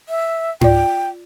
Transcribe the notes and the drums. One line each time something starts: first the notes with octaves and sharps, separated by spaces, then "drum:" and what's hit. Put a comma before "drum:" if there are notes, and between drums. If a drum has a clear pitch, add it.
E5
F4 D5 G5, drum: tom G#2